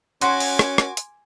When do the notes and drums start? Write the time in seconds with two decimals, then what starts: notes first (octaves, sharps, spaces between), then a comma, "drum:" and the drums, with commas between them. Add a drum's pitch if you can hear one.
0.21 C#4 F#4 G#5 C6 D6, drum: hi-hat
0.40 drum: open hi-hat
0.59 drum: rim click
0.78 drum: rim click
0.97 drum: hi-hat